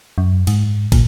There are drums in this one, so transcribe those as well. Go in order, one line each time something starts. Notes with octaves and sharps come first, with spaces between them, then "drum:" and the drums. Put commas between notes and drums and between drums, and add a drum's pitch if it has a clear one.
F#2
G#2, drum: cymbal
A#2, drum: kick, cymbal